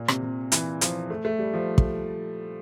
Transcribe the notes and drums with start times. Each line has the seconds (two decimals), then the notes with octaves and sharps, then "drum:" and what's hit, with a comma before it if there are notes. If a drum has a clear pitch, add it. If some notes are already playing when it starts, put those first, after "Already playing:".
Already playing: A#2
0.08 C3, drum: rim click
0.23 C3
0.52 E3, drum: hi-hat
0.81 F3, drum: hi-hat
1.10 A3
1.25 A3
1.39 G3
1.54 F3
1.78 drum: kick